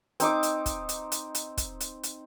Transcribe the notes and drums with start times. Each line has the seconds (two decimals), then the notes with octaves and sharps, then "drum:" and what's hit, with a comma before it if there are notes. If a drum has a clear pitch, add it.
0.20 C4 D#4 D6, drum: hi-hat
0.43 drum: hi-hat
0.66 drum: kick, hi-hat
0.89 drum: hi-hat
1.12 drum: hi-hat
1.35 drum: hi-hat
1.57 drum: kick, hi-hat
1.80 drum: hi-hat
2.03 drum: hi-hat